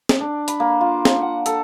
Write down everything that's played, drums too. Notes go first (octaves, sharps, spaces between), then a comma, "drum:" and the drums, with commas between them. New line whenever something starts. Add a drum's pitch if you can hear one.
drum: snare
D4
B5, drum: hi-hat
A#3
F4
drum: snare
F#5
A4, drum: hi-hat